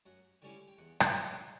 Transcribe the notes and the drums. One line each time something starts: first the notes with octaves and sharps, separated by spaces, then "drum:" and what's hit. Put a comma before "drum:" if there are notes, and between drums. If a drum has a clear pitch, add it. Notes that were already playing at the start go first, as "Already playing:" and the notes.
F#2 F#5
D3 G3 C#4 E4 G5
G5
E2 F#5
drum: rim click
B2 F#3 E5